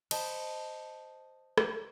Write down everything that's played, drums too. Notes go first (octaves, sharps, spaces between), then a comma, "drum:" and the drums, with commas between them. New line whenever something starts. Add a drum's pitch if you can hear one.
C5 D#5 A5 B5 C6, drum: cymbal
drum: rim click